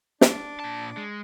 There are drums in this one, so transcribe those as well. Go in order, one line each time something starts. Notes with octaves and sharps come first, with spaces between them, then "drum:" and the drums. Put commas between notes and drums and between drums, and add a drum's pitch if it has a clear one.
D4, drum: snare
A#2 A5
G#3